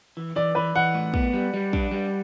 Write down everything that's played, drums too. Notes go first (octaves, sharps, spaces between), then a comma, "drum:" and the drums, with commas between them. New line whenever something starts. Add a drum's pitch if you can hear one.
E3
E3 D5
E3 B4
E3 F#5
A2
B3, drum: kick
G3
G3
D4, drum: kick
G3